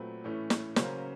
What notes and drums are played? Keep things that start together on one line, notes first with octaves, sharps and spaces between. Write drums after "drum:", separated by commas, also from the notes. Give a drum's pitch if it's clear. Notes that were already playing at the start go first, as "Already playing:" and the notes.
Already playing: A#2 F#3 A3 C4 B4
A2 E3 A3 C#4
drum: snare
C#3 F#3 A#3 C#4 C5, drum: snare